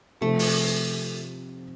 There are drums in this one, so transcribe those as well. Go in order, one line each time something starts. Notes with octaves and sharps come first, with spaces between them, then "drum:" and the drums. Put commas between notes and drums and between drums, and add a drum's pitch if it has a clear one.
C3 F3 A3 C4
drum: open hi-hat